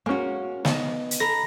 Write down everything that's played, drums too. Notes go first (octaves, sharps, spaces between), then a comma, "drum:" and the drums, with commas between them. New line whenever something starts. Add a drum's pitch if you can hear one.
G#3 A#3 C#4 F#4
B3 D#4 D#5, drum: snare
drum: hi-hat
A4 A#5 B5 A#6